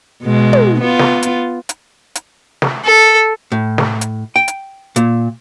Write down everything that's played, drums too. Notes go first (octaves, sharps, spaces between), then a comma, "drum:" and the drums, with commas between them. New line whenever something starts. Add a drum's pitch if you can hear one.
B2 G#3
drum: tom
B3 F4
drum: snare
drum: hi-hat
drum: hi-hat
drum: hi-hat
drum: snare
A4
A2
drum: snare
drum: hi-hat
G5
drum: hi-hat
A#2, drum: hi-hat